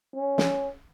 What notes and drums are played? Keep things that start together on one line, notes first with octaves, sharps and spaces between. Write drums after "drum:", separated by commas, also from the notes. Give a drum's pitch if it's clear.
C#4
drum: snare